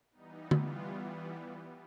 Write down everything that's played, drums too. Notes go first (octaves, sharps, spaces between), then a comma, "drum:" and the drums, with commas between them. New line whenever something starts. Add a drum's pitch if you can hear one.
E3 G3 B3 D#4
F4, drum: tom D3